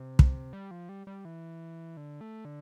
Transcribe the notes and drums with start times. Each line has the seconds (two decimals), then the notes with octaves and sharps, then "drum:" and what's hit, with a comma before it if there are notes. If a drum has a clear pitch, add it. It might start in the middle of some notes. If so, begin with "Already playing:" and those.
Already playing: C3
0.19 drum: kick
0.53 G3
0.71 F3
0.89 G3
1.07 G3
1.25 E3
1.97 D3
2.21 A3
2.45 D3